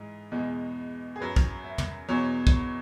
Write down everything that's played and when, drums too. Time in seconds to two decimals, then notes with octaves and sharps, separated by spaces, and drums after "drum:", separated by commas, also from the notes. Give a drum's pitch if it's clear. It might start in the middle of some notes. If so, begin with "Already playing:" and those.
Already playing: G#2 E3 G#3
0.32 E2 B2 G#3
1.16 G#4
1.20 F#2 F#3 B4
1.36 drum: kick
1.64 E5
1.78 drum: tom
2.09 E2 B2 F#3 C#5
2.47 drum: kick